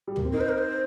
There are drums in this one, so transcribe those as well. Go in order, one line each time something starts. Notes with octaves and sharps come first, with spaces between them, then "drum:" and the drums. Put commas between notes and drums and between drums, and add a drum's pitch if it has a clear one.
G3
A#3, drum: tom
C4
D#4 A#4
C5
A#4
C5